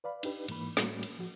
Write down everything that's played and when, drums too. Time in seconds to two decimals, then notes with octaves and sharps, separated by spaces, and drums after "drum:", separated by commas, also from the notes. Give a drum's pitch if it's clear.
0.04 B4 D5 F5 B5
0.23 D4 D#4 G4 B4, drum: cymbal
0.48 G#2 E3 A#3 B5, drum: cymbal
0.77 A2 G3 A3 A#3 C#4 F#4, drum: snare
1.03 drum: cymbal
1.19 F3 F#4